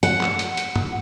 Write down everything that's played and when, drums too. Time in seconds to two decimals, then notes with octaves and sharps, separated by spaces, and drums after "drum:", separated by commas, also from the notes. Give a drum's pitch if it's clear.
0.03 F#5, drum: hi-hat
0.21 drum: clap
0.39 drum: hi-hat
0.57 drum: hi-hat
0.76 drum: tom